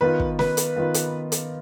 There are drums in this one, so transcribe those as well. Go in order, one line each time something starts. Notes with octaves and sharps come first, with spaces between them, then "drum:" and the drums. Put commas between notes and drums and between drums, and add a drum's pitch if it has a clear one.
D#3 B3 F4 B4
drum: kick
B4, drum: snare
drum: hi-hat
D#3 B3 F4
drum: hi-hat
drum: hi-hat